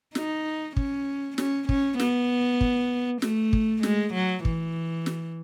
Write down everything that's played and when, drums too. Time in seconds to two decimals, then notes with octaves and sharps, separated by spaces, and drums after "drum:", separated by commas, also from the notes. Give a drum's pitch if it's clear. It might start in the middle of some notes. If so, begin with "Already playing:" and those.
0.15 D#4, drum: snare
0.76 C#4, drum: kick
1.38 C#4, drum: snare
1.69 C#4, drum: kick
2.00 B3, drum: snare
2.61 drum: kick
3.22 A3, drum: snare
3.53 drum: kick
3.83 G#3, drum: snare
4.14 F#3
4.45 E3, drum: kick
5.06 drum: snare